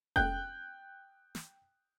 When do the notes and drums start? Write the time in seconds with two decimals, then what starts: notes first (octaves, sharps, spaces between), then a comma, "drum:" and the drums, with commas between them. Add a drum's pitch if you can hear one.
0.16 G5 F#6 G6, drum: kick F1
1.35 drum: snare